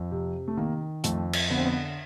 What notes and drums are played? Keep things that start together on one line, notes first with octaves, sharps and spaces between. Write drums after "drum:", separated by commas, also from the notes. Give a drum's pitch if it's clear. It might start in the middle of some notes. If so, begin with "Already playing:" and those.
Already playing: F2
C3
A3
D#3 A#3
F2 A3, drum: hi-hat
drum: cymbal
D3 B3
C4
B3